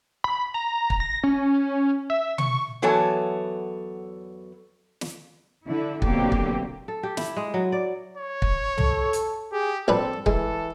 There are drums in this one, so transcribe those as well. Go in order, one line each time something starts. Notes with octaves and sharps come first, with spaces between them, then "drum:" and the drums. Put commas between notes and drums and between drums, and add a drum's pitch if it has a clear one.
B5
A#5
drum: kick
A#6
C#4
E5
C#6, drum: tom B2
E2 F#3 B3 A4 C#5 G#5
drum: snare
D3 E4
B2 D3 F#3 A#3 C4 G4, drum: kick
drum: kick
A4
G4
E4, drum: snare
G#3
F#3
D5
C#5
drum: kick
A4, drum: tom
drum: hi-hat
G4 G#4
A#1 C4 D4 A4 B4
E3 G#3 A4, drum: kick